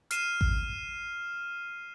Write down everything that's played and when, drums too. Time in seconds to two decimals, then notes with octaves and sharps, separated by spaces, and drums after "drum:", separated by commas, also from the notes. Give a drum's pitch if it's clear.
0.11 F6 C7 D#7 E7, drum: hi-hat
0.41 drum: kick A1